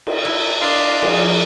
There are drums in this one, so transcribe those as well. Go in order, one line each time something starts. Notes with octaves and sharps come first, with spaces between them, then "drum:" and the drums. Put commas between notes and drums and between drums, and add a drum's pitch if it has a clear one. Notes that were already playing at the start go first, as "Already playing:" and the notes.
drum: cymbal
E4
D4 D#5 F5 C6 B6
F3 G#3 C#5, drum: cymbal